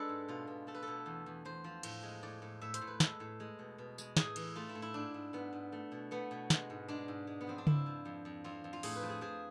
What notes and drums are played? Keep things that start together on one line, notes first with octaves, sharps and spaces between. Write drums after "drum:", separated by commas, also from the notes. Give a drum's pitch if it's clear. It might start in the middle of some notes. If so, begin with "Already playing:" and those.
Already playing: G#3 D4 A4 B4
G#2
B2 F4
B2
A3 A4
B4
B2 A4
E2
E2
E2 C5
F3
A2, drum: cymbal
G#3
A2 D5
A2
A2 E5
C5, drum: hi-hat
A2
B4
G#3 A4, drum: snare
A2
G#3
B2
B2
G#3, drum: tambourine
A2 G#4, drum: snare
E3, drum: cymbal
A3 F4
E4
A2
E4
G#2 D4
G#2
G#2 B3
G#2
A3
B2
A3 B3
B2
G#3, drum: snare
G#2
G#3 D4
G#2
G#3
B3
F3 C4
D4
F3 E4, drum: tom C#3
F3
F2
F2
F2 F4
F2
F4
A2 G#4, drum: open hi-hat
B4
F3
G#4
F3 G#4